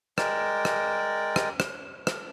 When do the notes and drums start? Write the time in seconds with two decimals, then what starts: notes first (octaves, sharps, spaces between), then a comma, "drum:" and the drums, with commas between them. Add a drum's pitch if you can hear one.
0.18 G#3 A#4 D5 G5, drum: rim click
0.65 drum: rim click
1.36 drum: rim click
1.60 drum: rim click
2.07 drum: rim click